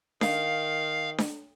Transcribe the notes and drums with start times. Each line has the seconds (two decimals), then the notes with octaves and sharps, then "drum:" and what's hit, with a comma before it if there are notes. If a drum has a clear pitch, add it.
0.21 D#3 F5, drum: snare D4
1.18 drum: snare D4